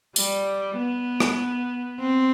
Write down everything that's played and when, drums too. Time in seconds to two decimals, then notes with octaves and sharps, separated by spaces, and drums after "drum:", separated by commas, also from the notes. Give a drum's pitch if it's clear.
0.16 G3, drum: tambourine
0.77 B3
1.20 drum: rim click
1.99 C4